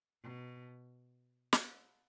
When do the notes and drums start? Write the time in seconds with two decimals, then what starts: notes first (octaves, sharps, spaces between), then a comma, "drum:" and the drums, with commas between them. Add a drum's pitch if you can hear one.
0.22 B2
1.53 drum: snare